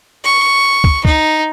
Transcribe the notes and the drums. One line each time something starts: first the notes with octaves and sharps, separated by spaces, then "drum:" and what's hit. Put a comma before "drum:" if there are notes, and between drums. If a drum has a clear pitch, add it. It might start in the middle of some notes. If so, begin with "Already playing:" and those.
C#6
drum: kick
D#4, drum: kick